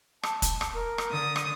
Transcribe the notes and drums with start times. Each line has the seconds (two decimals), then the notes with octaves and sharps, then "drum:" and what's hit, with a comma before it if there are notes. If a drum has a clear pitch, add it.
0.23 A5, drum: rim click
0.42 drum: kick, hi-hat
0.61 drum: rim click
0.73 A#4
0.98 drum: rim click
1.11 D3 D#6
1.36 drum: rim click